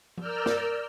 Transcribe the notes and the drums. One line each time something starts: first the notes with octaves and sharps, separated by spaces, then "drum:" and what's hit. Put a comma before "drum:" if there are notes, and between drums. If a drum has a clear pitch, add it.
A#4 D5 E6 F6 G6, drum: tom F3
drum: snare